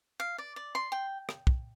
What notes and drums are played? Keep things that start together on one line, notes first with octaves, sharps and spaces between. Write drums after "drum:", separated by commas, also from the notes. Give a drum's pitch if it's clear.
F5
D5
D5
C6
G5
drum: rim click
drum: kick